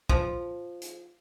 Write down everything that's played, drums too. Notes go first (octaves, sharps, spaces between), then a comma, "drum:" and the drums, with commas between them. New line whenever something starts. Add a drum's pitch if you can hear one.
F3, drum: kick
drum: hi-hat